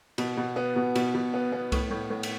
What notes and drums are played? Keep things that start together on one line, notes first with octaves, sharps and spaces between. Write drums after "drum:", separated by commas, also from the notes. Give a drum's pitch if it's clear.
B2, drum: cymbal
B2
B3
B2
B2, drum: cymbal
B2
B3
B3
A2, drum: kick C2, cymbal
A2
A2
drum: cymbal